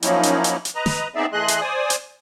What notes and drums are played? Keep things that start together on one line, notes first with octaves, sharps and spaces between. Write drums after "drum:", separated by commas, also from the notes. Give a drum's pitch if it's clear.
F3 F#3 A#3 C#4 D#4 E4, drum: hi-hat
drum: hi-hat
drum: hi-hat
drum: hi-hat
B4 D#5 A#5
drum: snare
B3 C4 D#4 G#4 D5 E5
E3 A3 G#4 D#5 C6 F#6
drum: hi-hat
C5 D5 G#5 D#6
drum: hi-hat